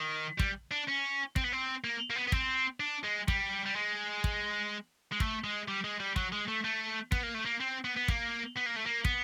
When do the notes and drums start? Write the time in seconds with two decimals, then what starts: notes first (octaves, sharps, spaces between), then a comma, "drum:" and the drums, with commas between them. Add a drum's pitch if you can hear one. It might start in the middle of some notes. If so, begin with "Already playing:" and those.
Already playing: D#3
0.39 G3, drum: kick
0.71 D4
0.88 C#4
1.36 C4, drum: kick
1.44 B3
1.52 C4
1.84 A#3
2.10 A#3
2.16 B3
2.28 B3
2.32 C4, drum: kick
2.80 D4
3.04 G#3
3.28 G3, drum: kick
3.66 G3
3.76 G#3
4.24 drum: kick
5.12 G#3
5.20 A3, drum: kick
5.44 G#3
5.68 G3
5.84 G#3
6.00 G3
6.16 F#3, drum: kick
6.32 G#3
6.48 A3
6.64 A3
7.12 B3, drum: kick
7.23 A#3
7.35 A3
7.45 A#3
7.60 C4
7.85 B3
7.97 B3
8.08 A#3, drum: kick
8.56 B3
8.66 A#3
8.76 A3
8.86 A#3
9.05 B3, drum: kick